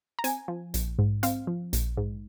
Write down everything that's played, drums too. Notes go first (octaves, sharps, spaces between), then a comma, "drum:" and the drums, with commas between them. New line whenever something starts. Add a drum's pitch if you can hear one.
A#5
C4 G#5, drum: hi-hat
F3
A#1, drum: hi-hat
G#2
C4 F5, drum: hi-hat
F3
A#1, drum: hi-hat
G#2